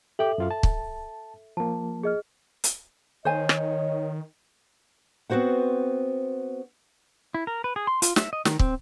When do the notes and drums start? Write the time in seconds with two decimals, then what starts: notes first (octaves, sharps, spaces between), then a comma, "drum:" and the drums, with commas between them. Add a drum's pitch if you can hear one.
0.19 G4 A4 E5 G5 D6 F#7
0.38 F#2 F4 F5
0.51 A5
0.63 drum: kick
1.57 F3 A#3 A5
2.03 G#4 D#5 F6
2.64 drum: hi-hat
3.25 D#3 C5 C#5 D#5 G#5
3.49 drum: rim click
5.30 B3 C4 F#4 C5 F#5
7.34 E4
7.47 A#4
7.64 B4
7.76 G#4
7.87 C6
8.02 F4, drum: hi-hat
8.16 E5, drum: snare
8.33 D#5
8.45 D#3, drum: snare
8.59 C4, drum: kick